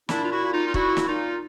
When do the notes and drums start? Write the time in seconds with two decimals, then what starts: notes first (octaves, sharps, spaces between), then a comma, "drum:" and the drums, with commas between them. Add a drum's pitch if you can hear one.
0.09 A#2 D4 E4, drum: snare
0.23 F4
0.32 E4 F#4
0.43 A#2 E4
0.53 D#4 F4
0.66 F4
0.74 A#2 E4 F#4, drum: kick
0.97 drum: snare
1.07 A#2 D#4 F4